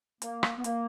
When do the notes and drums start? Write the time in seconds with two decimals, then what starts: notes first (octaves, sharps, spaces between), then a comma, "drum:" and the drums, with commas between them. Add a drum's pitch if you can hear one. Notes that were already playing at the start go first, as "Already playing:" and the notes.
0.22 A#3, drum: hi-hat
0.43 drum: rim click
0.58 B3
0.64 A#3, drum: hi-hat